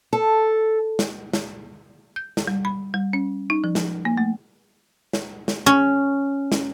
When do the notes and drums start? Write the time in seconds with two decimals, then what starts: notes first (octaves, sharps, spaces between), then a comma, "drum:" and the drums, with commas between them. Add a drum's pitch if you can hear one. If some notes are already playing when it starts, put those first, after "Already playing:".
0.13 A4
0.99 drum: snare
1.33 drum: snare
2.16 G6
2.37 drum: snare
2.47 G3
2.65 B5
2.94 G3
3.13 C#4
3.50 D#4
3.64 F3
3.75 drum: snare
4.05 A#3
4.18 A3
5.13 drum: snare
5.48 drum: snare
5.66 C#4
6.52 drum: snare